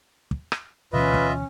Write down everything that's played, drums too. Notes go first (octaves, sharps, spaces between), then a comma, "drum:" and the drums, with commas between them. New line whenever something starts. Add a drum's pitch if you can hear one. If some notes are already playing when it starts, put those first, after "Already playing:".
drum: kick
drum: rim click
D2 B2 E3 C#4 F4 B4 D#5 E5
drum: kick